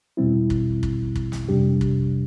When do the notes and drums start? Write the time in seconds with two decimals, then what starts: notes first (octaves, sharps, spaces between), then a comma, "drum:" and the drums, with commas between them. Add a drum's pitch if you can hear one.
0.17 E2 B2 G3 C4 E4
0.50 drum: kick
0.83 drum: kick
1.16 drum: kick
1.32 drum: snare
1.49 F2 C3 G3 D4 G4
1.81 drum: kick